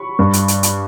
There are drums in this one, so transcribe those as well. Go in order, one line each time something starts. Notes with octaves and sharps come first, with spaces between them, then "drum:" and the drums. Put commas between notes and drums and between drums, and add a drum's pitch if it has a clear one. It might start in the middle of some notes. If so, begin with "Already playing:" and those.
Already playing: B5 C#6
G2
drum: hi-hat
drum: hi-hat
drum: hi-hat